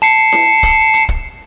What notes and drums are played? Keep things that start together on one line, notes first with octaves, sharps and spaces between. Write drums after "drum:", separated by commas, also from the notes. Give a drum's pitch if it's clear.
A5 C7 C#7, drum: hi-hat
drum: snare E4
drum: kick, hi-hat
drum: hi-hat
drum: kick